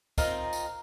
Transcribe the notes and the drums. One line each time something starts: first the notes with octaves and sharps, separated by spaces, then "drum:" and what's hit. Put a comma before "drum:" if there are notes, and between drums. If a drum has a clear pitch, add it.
C4 D#4 F4 A#4, drum: kick, tambourine
drum: tambourine